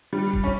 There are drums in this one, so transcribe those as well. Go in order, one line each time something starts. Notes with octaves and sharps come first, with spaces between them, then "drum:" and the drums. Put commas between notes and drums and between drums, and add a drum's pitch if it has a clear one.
G3
drum: kick D#1
C#4